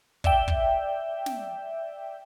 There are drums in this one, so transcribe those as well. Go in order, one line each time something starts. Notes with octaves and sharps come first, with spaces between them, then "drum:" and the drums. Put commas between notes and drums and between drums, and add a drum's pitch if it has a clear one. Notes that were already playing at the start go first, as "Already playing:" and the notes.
D5 E5 G5, drum: kick
drum: kick
drum: snare